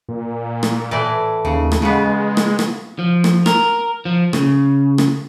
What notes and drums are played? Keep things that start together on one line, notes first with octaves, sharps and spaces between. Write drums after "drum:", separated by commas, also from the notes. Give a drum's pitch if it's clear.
A#2
drum: rim click
A2 E3 D5
D#2 C#3
drum: rim click
C#3 G#3 B3
drum: rim click
drum: rim click
F3
drum: rim click
A#4, drum: rim click
F3
C#3, drum: rim click
drum: rim click